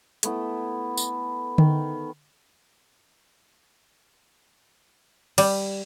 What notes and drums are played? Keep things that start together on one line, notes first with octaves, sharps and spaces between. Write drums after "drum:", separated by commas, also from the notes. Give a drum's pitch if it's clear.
A3 B3 E4, drum: hi-hat
drum: tambourine
D#3, drum: tom D3
G3, drum: cymbal